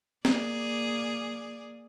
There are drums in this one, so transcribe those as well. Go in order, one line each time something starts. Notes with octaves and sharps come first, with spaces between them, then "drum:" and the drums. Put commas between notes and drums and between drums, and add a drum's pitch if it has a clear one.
A#3 G#4 D5, drum: snare C4